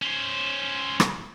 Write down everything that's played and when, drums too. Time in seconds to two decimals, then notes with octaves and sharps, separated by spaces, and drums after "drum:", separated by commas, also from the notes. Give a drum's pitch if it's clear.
0.02 C#4 C5
1.00 drum: rim click